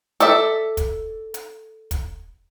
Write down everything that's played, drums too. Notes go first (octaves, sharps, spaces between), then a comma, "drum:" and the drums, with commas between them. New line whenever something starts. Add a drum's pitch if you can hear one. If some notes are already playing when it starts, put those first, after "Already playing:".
A4 D5 E5, drum: hi-hat
drum: kick, hi-hat
drum: hi-hat
drum: kick, hi-hat